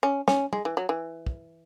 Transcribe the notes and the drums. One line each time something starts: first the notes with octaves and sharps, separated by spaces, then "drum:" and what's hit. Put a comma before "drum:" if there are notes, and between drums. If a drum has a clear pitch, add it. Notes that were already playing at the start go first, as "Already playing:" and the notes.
C#4
C#4, drum: snare
G#3, drum: tom
E3
F#3
E3
drum: kick